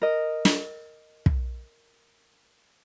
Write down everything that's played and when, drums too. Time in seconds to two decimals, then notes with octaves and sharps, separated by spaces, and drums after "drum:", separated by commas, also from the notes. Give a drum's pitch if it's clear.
0.02 A#4 D#5
0.45 drum: snare
1.26 drum: kick